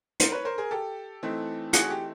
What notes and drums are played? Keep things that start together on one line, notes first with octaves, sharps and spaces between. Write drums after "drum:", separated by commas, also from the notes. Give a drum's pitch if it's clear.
A#4 C5, drum: hi-hat
B4 C#5
A#4 C5
G#4 A#4
G4 A4
E3 A3 C4 D#4
F#4 G#4, drum: hi-hat
G4